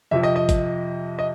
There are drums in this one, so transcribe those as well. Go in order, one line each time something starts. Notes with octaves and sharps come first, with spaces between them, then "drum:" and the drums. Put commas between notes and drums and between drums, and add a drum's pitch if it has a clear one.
F2 C3 F3 E5
D#5
D#5
drum: kick G#1, hi-hat
D#5